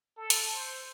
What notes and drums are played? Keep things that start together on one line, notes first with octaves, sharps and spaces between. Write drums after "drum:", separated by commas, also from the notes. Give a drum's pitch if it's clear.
A4
drum: hi-hat
C5